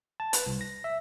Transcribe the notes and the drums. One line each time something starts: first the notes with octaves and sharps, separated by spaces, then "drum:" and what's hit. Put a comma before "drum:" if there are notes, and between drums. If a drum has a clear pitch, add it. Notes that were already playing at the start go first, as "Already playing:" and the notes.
A5
B4, drum: hi-hat
C2
A#6
E5